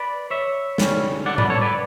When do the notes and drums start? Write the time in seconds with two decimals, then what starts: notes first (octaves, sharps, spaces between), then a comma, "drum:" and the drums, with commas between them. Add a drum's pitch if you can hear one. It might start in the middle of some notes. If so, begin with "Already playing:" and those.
Already playing: B4 D5
0.30 C#5 E5
0.78 D2 C#3 G3 C#4, drum: snare
1.26 D5 F#5
1.38 B4 D5, drum: tom A2
1.50 A4 C#5
1.61 B4 D5